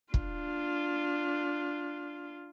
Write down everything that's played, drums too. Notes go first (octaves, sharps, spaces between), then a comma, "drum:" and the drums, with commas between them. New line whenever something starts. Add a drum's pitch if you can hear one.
D4 F4, drum: kick